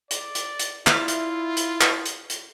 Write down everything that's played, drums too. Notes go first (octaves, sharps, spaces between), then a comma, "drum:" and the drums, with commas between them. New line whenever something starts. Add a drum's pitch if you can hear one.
D5, drum: hi-hat
drum: hi-hat
drum: hi-hat
E4 F4 D5 E5 F5, drum: clap
drum: hi-hat
drum: hi-hat
drum: clap
drum: hi-hat
drum: hi-hat